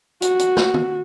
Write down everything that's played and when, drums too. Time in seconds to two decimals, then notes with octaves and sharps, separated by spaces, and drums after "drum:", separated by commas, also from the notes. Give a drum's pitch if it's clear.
0.22 F#4, drum: hi-hat
0.39 drum: hi-hat
0.57 drum: snare
0.74 drum: tom